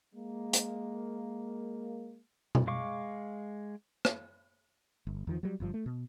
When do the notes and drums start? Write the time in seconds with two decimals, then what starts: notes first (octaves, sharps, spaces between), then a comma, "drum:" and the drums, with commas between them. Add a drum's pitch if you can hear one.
0.14 G#3 A#3
0.53 drum: hi-hat
2.55 drum: tom B2
2.67 G#3 F5 C#6 D6
4.05 drum: rim click
5.07 G1
5.27 E2 D#3 F3
5.43 F#3 G3
5.60 G1 G2 F3
5.74 A3
5.86 B2